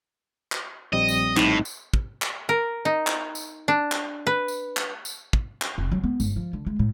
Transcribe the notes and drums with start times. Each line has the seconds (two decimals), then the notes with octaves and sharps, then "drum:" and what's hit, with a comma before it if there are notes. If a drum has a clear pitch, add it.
0.52 drum: clap
0.93 A#1 G3 C4 D#5
1.09 drum: tambourine
1.37 A2 D#4, drum: clap
1.65 drum: tambourine
1.93 drum: kick
2.22 drum: clap
2.49 A#4
2.85 D#4
3.07 drum: clap
3.35 drum: tambourine
3.68 D4
3.92 drum: clap
4.27 B4
4.48 drum: tambourine
4.77 drum: clap
5.05 drum: tambourine
5.33 drum: kick
5.62 drum: clap
5.78 F1
5.92 F#3
6.04 B3
6.20 G1, drum: tambourine
6.36 F3
6.53 D3
6.66 G#3
6.79 A2